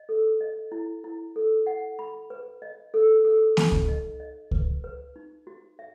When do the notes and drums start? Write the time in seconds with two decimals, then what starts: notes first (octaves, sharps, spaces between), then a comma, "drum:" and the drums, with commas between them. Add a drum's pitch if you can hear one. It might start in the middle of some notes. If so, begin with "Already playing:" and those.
Already playing: D#5
0.09 A4
0.41 D#5
0.72 E4
1.04 E4
1.36 A4
1.67 F#5
1.99 B5
2.30 B4
2.62 D#5
2.94 A4
3.25 A4
3.57 D#4, drum: snare A#3
3.72 drum: kick C#2
3.88 D#5
4.20 D#5
4.51 B4, drum: kick C#2
4.84 B4
5.16 D#4
5.47 F#4
5.79 E5